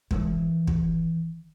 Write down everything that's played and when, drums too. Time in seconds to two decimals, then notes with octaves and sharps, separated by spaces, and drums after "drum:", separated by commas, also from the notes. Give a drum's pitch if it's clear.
0.11 D#3 E3, drum: kick
0.67 drum: kick